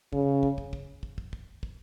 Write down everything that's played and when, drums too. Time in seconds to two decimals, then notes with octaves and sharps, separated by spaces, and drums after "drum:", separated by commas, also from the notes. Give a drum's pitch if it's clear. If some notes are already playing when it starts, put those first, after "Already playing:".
0.13 C#3, drum: kick
0.43 drum: kick
0.58 drum: kick
0.73 drum: kick
1.03 drum: kick
1.18 drum: kick
1.33 drum: kick
1.63 drum: kick